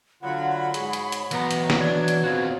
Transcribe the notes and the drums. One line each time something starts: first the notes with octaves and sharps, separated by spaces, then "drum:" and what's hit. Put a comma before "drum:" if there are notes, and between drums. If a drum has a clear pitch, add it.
D3 F#3 F4 F#5 B5
G#2 G#4 C#5, drum: hi-hat
drum: hi-hat
drum: hi-hat
B2 E3 F#3 B3 A#5, drum: hi-hat
drum: hi-hat
drum: snare
D4 G#6
drum: hi-hat
C4 F4 F#4